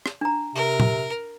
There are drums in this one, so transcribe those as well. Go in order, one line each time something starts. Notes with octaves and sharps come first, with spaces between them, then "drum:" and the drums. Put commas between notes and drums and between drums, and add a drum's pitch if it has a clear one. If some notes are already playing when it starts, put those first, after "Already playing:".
drum: rim click
D4 A#5
C3 A#4
drum: tom A#2